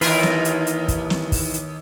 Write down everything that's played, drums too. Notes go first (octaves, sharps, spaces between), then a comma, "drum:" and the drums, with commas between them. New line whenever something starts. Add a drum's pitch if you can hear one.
D#2 E3 F4 A#4 B4, drum: open hi-hat
drum: snare
drum: hi-hat
drum: hi-hat
drum: kick, hi-hat
drum: snare
drum: kick, open hi-hat
drum: hi-hat